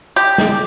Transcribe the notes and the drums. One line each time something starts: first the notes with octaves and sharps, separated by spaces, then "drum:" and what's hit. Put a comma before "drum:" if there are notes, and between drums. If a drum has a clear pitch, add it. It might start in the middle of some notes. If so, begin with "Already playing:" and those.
G4
drum: snare